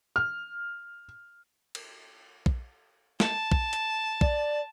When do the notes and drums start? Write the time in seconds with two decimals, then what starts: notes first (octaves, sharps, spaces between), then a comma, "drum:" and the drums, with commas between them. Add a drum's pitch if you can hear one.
0.16 F6
1.75 drum: cymbal
2.46 drum: kick
3.20 A5, drum: snare
3.52 drum: kick
3.73 drum: hi-hat
4.21 D5, drum: kick